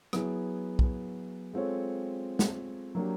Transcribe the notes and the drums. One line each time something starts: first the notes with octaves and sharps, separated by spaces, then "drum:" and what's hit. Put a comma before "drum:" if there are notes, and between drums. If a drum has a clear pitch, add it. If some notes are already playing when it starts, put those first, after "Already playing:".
F#3 B3 E4 G#4, drum: rim click
drum: kick
G#3 C4 F4 A4 C#5
drum: snare
F#3 A#3 D4 G4